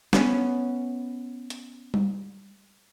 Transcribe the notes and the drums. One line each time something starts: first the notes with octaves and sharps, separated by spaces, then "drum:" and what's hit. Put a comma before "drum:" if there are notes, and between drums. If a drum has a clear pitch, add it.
B3 C#4, drum: snare
drum: hi-hat
drum: tom G3